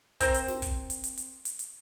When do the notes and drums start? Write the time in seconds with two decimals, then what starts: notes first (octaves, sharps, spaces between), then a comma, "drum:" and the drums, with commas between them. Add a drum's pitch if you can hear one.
0.20 C4 A#4 C5, drum: kick, hi-hat
0.34 drum: hi-hat
0.48 drum: snare
0.62 drum: kick, hi-hat
0.90 drum: hi-hat
1.04 drum: hi-hat
1.17 drum: hi-hat
1.45 drum: hi-hat
1.59 drum: hi-hat